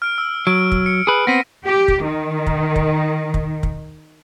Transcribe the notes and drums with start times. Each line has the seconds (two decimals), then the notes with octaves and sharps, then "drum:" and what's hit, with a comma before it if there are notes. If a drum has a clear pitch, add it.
0.02 F6 D7
0.18 E6
0.47 F#3 D7
0.72 drum: kick
0.86 C#7
1.07 G#4 B4
1.27 B3 C4 A#6 B6 D#7
1.65 G4
1.88 drum: kick
2.03 D#3
2.46 drum: kick
2.76 drum: kick
3.34 drum: kick
3.63 drum: kick